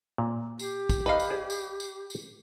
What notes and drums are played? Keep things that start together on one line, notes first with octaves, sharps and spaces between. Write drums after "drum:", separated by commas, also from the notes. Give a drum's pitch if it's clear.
A#2
G4, drum: tambourine
drum: kick, tambourine
B4 D#5 F5
drum: tambourine
G#4 C5 D5
drum: tambourine
drum: tambourine
drum: tambourine